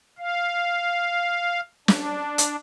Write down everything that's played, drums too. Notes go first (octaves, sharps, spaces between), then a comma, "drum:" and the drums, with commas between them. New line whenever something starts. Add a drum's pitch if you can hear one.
F5
D4, drum: snare
drum: hi-hat